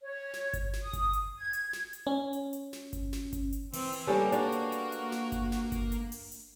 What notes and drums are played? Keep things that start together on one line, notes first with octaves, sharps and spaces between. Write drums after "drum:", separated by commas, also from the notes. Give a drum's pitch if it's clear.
C#5
drum: snare
drum: kick G1, hi-hat
drum: snare
D#6
drum: kick G1, hi-hat
drum: hi-hat
G#6
drum: hi-hat
drum: snare
drum: hi-hat
C#4
drum: hi-hat
drum: hi-hat
drum: snare
drum: kick G1, hi-hat
drum: snare
drum: kick G1, hi-hat
drum: hi-hat
E3 C4, drum: open hi-hat
drum: hi-hat
G3 A#3 B3 C#4 D4 G4 A4
D4 F#4, drum: hi-hat
drum: hi-hat
drum: hi-hat
drum: hi-hat
drum: snare
drum: kick G1, hi-hat
drum: snare
drum: kick G1, hi-hat
drum: hi-hat
drum: open hi-hat
drum: hi-hat